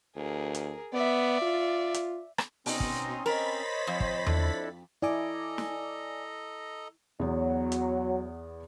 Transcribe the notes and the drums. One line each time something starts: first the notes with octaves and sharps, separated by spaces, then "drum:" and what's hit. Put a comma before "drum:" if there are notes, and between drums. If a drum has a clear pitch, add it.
D2 G#4 A#4
drum: hi-hat
B3 D5 E5
F4
drum: hi-hat
drum: rim click
B2 C4 C#4 D#4 C6, drum: open hi-hat
drum: kick
A#4 C5 C#5 D#5 B5 A6 B6
F2
drum: kick
D4 E4 A4, drum: tom E2
E4 A4 D5 D#5 G#5 A#5 D6
drum: snare
E2 F#3 B3
drum: hi-hat